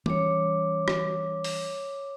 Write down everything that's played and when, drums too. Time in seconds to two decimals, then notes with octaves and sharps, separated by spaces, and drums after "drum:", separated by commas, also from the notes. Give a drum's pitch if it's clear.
0.06 E3 G3 C#4 C#5 D6, drum: tom G3
0.88 drum: rim click
1.44 drum: open hi-hat